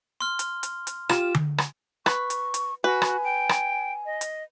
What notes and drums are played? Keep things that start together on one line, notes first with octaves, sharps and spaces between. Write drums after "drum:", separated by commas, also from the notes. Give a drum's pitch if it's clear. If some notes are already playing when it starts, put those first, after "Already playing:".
C6 F6
drum: hi-hat
drum: hi-hat
drum: hi-hat
F4 G4 E7, drum: rim click
drum: tom D3
drum: rim click
B4 C#6, drum: rim click
drum: hi-hat
drum: hi-hat
F#4 B4 G#5
drum: rim click
G5
drum: rim click
D#5
drum: hi-hat